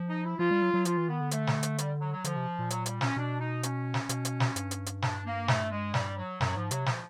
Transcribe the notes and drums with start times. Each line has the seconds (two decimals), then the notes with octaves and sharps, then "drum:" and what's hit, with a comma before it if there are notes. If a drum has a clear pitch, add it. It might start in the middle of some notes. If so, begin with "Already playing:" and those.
Already playing: F3
0.09 D#4
0.24 E4
0.39 F3 F4
0.51 G3
0.62 F#3
0.74 F#3
0.85 F3 F4, drum: hi-hat
0.97 E3
1.08 D#3 B3
1.20 D3
1.31 A3, drum: hi-hat
1.47 drum: snare
1.63 drum: hi-hat
1.78 G3, drum: hi-hat
2.01 F#3
2.13 F#3
2.24 D3 F3, drum: hi-hat
2.36 C3
2.59 A#2
2.70 F#3, drum: hi-hat
2.86 G3, drum: hi-hat
3.01 C#4, drum: snare
3.17 B2 D4
3.40 D#4
3.63 C#4, drum: hi-hat
3.94 drum: snare
4.09 B2, drum: hi-hat
4.25 drum: hi-hat
4.40 drum: snare
4.56 G2, drum: hi-hat
4.71 drum: hi-hat
4.86 drum: hi-hat
5.02 D4, drum: snare
5.25 A#3
5.48 A3, drum: snare
5.71 G#3
5.94 G3, drum: snare
6.17 F#3
6.41 F#2 F#3, drum: snare
6.56 G#2 F3
6.71 C3 F#3, drum: hi-hat
6.86 F3, drum: snare